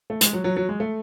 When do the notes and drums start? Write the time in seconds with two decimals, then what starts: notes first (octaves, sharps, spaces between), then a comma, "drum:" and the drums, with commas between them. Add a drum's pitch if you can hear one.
0.10 A3
0.21 G#3, drum: hi-hat
0.33 F#3
0.44 F#3
0.56 F#3
0.69 G#3
0.80 A3